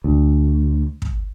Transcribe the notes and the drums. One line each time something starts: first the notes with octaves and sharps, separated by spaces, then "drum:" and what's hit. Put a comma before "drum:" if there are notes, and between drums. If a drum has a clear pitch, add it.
D2
drum: kick